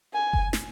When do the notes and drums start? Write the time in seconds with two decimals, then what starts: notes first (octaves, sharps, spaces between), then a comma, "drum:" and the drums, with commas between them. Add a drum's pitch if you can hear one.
0.13 G#5
0.33 drum: kick F#1
0.53 drum: snare